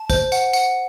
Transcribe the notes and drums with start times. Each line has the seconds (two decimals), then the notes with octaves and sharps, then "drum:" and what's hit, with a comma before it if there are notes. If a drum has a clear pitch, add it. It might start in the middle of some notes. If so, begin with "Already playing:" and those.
Already playing: A5
0.10 C5, drum: kick, tambourine
0.32 F#5, drum: tambourine
0.53 F#5, drum: tambourine